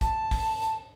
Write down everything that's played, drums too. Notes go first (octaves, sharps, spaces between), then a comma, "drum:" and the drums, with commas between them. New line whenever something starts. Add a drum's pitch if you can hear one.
A5, drum: kick, hi-hat
drum: kick, open hi-hat
drum: hi-hat